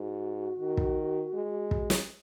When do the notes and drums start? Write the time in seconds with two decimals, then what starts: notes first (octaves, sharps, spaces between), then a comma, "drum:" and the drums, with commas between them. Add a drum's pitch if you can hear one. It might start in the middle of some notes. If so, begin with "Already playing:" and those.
Already playing: G#2 F#4
0.59 D#3
0.77 drum: kick
1.34 G#3
1.71 drum: kick
1.90 drum: snare